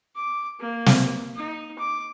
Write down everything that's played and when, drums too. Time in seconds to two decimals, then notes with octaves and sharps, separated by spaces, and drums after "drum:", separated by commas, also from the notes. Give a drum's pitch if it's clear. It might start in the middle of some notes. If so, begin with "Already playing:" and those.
0.16 D6
0.60 A#3
0.86 drum: snare
1.35 D#4
1.78 D6